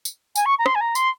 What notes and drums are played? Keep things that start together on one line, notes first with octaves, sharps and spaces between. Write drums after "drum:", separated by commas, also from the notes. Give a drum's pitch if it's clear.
drum: tambourine
G#5, drum: tambourine
C#6
A#5
C6, drum: rim click
G#5
A#5
C6, drum: tambourine